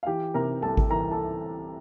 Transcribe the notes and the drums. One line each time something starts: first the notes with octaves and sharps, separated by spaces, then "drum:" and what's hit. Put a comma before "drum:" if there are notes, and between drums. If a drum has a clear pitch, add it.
F5
E3 G4 G5
C3 A#4 A#5
C2 A4 A5
drum: kick G#1
E3 A#4 A#5
A4 A5